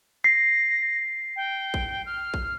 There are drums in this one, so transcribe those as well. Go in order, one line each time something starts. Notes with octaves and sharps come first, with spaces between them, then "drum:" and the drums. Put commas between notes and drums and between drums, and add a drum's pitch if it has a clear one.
A#6 C7
G5
drum: kick
F6
drum: kick